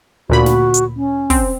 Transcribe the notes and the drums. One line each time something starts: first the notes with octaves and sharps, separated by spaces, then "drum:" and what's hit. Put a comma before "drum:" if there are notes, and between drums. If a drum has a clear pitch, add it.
D2 A#2 F#4 B5
drum: snare
drum: hi-hat
C#4
C4, drum: kick, open hi-hat